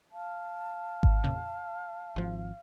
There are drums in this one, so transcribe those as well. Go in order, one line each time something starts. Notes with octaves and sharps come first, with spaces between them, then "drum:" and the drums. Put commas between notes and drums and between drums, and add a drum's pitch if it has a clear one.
F5 A5
drum: kick G#1
F2 A#2 C#3
G#1 F3